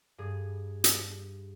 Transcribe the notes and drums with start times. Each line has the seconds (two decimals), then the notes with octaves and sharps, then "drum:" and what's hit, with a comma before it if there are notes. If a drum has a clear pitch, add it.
0.18 G2 G#4
0.84 drum: hi-hat